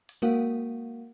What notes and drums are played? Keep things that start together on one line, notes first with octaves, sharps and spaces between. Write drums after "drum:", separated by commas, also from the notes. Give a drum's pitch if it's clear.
drum: open hi-hat
G#3 A#3 F#4 A#4 F5 F#5